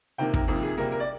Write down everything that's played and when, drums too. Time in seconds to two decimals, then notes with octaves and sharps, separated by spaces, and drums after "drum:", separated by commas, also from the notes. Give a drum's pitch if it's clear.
0.18 C3 D#3 A#3 G5
0.34 A#4, drum: kick
0.48 F2 C3 D#3 A#3
0.63 G#4
0.77 C3 G3 A#3 A#4
0.92 A#4
1.00 D5